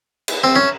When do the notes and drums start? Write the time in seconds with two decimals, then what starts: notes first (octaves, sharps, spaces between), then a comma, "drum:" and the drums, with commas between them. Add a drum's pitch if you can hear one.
0.28 drum: cymbal
0.44 C4
0.56 C#4